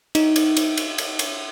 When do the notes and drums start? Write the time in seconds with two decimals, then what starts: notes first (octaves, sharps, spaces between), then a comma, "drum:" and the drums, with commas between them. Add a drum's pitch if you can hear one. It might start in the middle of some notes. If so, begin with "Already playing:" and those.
0.15 D#4, drum: cymbal
0.36 drum: cymbal
0.57 drum: cymbal
0.77 drum: cymbal
0.98 drum: cymbal
1.19 drum: cymbal